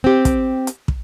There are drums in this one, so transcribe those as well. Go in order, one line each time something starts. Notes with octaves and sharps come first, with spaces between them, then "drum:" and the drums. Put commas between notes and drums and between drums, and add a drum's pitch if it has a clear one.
C4 G4
drum: kick, hi-hat
drum: hi-hat
drum: kick